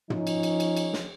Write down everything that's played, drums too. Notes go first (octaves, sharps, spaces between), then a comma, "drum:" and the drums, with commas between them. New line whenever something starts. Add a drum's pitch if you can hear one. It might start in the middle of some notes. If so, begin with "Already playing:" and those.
F3 C#4 D#4, drum: tom
drum: cymbal
drum: cymbal
drum: cymbal
drum: cymbal
drum: snare